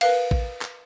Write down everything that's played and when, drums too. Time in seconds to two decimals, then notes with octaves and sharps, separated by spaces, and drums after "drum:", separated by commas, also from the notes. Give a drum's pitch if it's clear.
0.01 A#4 B4 F5, drum: cymbal
0.31 drum: kick
0.61 drum: clap